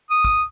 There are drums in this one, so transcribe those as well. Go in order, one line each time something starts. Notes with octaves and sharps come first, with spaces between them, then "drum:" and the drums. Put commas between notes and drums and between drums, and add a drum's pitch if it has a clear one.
D#6
drum: kick